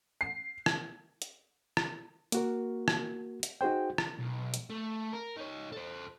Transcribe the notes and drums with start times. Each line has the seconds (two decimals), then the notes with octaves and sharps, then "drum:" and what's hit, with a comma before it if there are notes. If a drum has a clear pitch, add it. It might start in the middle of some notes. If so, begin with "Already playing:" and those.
0.21 C7
0.66 drum: rim click
1.22 drum: hi-hat
1.77 drum: rim click
2.32 A#3 F#4 A#4, drum: hi-hat
2.88 drum: rim click
3.43 drum: hi-hat
3.61 D#4 F#4 G#4 C5 G5
3.98 drum: rim click
4.19 B1
4.54 drum: hi-hat
4.70 A3
5.13 A#4
5.37 D#4 C#5
5.72 A4 C5